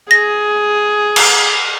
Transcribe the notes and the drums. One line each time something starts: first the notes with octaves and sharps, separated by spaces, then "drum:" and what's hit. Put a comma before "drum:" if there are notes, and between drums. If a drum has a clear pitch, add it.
G#4 A#6
drum: cymbal